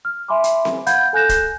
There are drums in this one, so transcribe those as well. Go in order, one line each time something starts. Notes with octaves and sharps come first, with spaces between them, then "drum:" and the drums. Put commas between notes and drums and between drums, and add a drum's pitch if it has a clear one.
F6
E5 G#5 B5 C6 D6
drum: hi-hat
drum: snare C4
F5 F#5 B5 G6 G#6, drum: hi-hat
A4 G#5 F#6 G6 A#6 E7
drum: kick, hi-hat